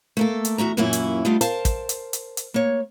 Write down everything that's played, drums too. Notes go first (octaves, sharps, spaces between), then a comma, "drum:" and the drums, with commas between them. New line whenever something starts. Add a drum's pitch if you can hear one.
A3 A#3 A4
drum: hi-hat
E2 F#4 E5 A#5
F#2 A#2 E3 A#3 C#4 E4
drum: hi-hat
G3 A3 B3 D4 D#4 F4
A#4 C5 F5 A5, drum: hi-hat
drum: kick, hi-hat
drum: hi-hat
drum: hi-hat
drum: hi-hat
A#3 C#5